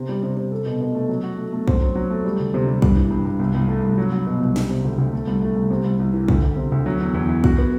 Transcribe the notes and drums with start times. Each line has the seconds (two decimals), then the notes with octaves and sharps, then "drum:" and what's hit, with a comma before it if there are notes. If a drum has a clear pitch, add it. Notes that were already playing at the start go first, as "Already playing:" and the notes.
Already playing: C3
0.09 G3
0.23 C3
0.37 C3
0.52 A4
0.66 B2
0.81 B2
0.95 A3
1.09 F#3
1.23 F#4
1.38 A3
1.53 A3
1.68 C4, drum: kick
1.81 F#3
1.95 F#3
2.10 A3
2.25 G3
2.40 D2
2.54 C3
2.67 G3
2.82 G2, drum: kick
2.97 E3
3.11 G2
3.25 G2
3.39 C2
3.55 C2
3.68 A3
3.83 C2
3.98 F#3
4.12 F#3
4.26 B2
4.40 C2
4.56 G3, drum: snare
4.70 C3
4.85 D2
4.98 D2
5.13 A3
5.27 C2
5.42 A3
5.56 C2
5.71 C3
5.84 C2
6.00 C2
6.14 E3
6.28 D2, drum: kick
6.43 D2
6.57 C3
6.72 D2
6.86 F#3
7.01 E2
7.14 E2
7.29 E2
7.44 F#4, drum: kick
7.58 B3